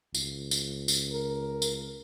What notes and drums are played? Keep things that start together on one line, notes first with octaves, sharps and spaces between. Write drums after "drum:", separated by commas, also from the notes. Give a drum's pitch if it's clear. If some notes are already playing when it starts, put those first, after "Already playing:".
C#2, drum: tambourine
drum: tambourine
drum: tambourine
A#4
drum: tambourine